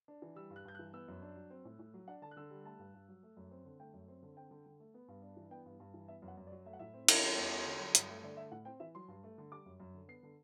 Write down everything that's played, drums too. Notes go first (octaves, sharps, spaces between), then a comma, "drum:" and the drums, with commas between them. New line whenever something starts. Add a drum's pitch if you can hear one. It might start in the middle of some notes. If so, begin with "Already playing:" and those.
D4
E3
G3 E6
G2
F#6
G2 G6
F#6
E3
B3 E6
F#2
D4
F#3
C4
A2
A2
F#3
D4 F#5
D3 A5
F#6
D3 E6
G3
A3 A5
G2
G2
F#3
A3
F#2
C4
D3
A3 G5
F#2
C4
D3
C4 G5
D3
D3
A3
B3
G2
D4
E3
B3 G5
G2
G2
E3
B3 E5
F#2
F#5
F#2
D5
F#3
A3 E5
F#5
A2 E5
C4
E3, drum: cymbal
G3
E2
B3
D3
F#3
G2, drum: hi-hat
A3
D3 D5
A3 E5
A2 F#5
C4 G5
E3 E5
F#3 C6
G2
A3
D3
G3 D6
F#2
F#2
D3
B3 C7
D3